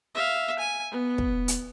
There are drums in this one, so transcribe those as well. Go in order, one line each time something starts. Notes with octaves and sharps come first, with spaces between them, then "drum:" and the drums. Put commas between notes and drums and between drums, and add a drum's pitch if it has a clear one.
E5 F5
G#5
B3
drum: kick
drum: hi-hat